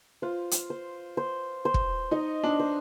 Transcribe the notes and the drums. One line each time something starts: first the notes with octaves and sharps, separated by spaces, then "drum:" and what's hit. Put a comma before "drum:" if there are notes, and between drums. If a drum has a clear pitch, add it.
F4 C5
drum: hi-hat
C5
C5
C5
drum: kick
D#4 D#5
D4
C5